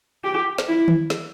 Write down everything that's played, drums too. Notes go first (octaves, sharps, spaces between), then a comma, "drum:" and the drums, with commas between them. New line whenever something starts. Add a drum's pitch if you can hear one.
G4
drum: snare
E4
drum: tom D#3
drum: snare